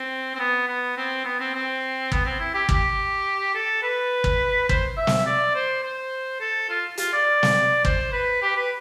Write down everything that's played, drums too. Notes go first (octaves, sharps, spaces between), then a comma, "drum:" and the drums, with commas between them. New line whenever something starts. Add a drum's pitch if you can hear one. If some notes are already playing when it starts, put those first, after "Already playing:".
Already playing: C4
C4
B3
B3
C4
B3
C4
C4
B3, drum: kick
C4
E4
G4
G4, drum: kick
A4
B4
drum: kick
C5, drum: kick
E5
drum: snare
D5
C5
C5
A4
F4
F4, drum: hi-hat
D5
drum: snare
C5, drum: kick
B4
G4
B4